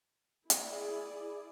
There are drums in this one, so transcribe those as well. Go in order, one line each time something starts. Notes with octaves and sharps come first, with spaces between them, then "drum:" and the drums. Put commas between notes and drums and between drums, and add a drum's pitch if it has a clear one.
E4 G#4 D5, drum: hi-hat